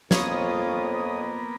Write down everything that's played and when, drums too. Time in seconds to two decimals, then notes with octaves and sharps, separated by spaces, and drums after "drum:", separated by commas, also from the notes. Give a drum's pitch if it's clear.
0.11 F2 A#3 B3 F4 C#5 D#6, drum: snare